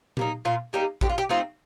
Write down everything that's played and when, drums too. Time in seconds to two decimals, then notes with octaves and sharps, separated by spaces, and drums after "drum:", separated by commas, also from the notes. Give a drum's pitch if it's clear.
0.17 G3 A#3 D#4, drum: tom A#2
0.45 A#2 F4
0.73 G3 A#3 D#4 G4
1.01 D3 G4, drum: kick A1
1.09 F4
1.18 G4
1.29 A3 C4 D#4 F4